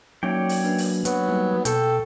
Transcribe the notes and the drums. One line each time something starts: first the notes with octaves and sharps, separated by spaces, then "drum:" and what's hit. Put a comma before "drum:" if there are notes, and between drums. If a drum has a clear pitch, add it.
F#3 A#3 C#4 D#4 C#5 D5 G5
drum: open hi-hat
A#3 D4 B4
drum: open hi-hat
F#3 B3, drum: hi-hat
G3 A#3 D#4
B2 A4 G5 C#6, drum: hi-hat